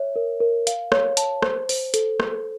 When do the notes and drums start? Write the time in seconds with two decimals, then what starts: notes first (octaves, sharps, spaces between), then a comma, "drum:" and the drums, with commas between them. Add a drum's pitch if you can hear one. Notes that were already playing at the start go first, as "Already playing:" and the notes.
Already playing: C#5 E5
0.16 A#4
0.40 A#4
0.67 F5, drum: hi-hat
0.92 C#5, drum: rim click
1.17 A5, drum: hi-hat
1.42 C5, drum: rim click
1.69 C5, drum: open hi-hat
1.94 A4, drum: hi-hat
2.20 drum: rim click